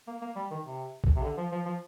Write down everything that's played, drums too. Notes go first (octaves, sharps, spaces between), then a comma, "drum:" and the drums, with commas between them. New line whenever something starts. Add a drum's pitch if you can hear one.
A#3
A#3
G3
D#3
C3
drum: kick A#1
C3
D3
F3
F3
F3